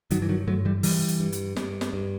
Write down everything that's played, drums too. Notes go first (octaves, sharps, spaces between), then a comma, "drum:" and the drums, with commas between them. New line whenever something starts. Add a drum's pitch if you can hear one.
G2 D#3 F#3, drum: hi-hat
E3
D#3 F#3
G2 F#3 A3
E3 G3
G2 E3 G3, drum: open hi-hat
drum: hi-hat
G2
drum: hi-hat
G2, drum: snare
drum: snare
G2